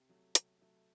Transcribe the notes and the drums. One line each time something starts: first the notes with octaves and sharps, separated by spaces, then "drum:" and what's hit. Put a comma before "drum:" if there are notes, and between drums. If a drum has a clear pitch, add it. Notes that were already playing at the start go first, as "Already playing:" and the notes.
Already playing: C3
F#3 A3
C3, drum: hi-hat
F#3 A3